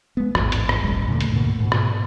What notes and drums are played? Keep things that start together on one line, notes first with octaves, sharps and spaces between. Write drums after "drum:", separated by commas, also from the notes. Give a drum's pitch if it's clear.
G#3 B3
A1 E2 G#2, drum: rim click
drum: hi-hat
drum: rim click
E1 A1 F#2 G#3
E2 A#2 D3 A3
drum: hi-hat
D2 G#2 B2 A#3
G#2 B2
drum: rim click